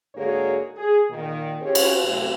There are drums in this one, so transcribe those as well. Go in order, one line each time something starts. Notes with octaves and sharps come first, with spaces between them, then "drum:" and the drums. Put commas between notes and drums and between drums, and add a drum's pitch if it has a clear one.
G#2 D3 A#3 F#4 G#4 C#5
G#4
A#2 D#3
C#3 C4 C#4 F4 G4 C#5
drum: cymbal
F#2 A2 C3 A3 C4